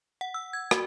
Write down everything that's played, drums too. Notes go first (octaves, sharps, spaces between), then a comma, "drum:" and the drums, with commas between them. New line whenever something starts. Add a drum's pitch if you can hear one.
F#5
E6
G#6
F#4, drum: rim click